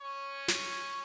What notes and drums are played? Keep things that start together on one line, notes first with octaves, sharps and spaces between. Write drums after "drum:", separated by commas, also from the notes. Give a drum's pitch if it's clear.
C#4 C#5
drum: snare